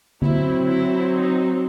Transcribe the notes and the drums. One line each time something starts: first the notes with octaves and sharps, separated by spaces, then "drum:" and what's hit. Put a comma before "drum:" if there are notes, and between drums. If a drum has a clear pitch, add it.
F#3 C4 E4, drum: tom
E4
D#4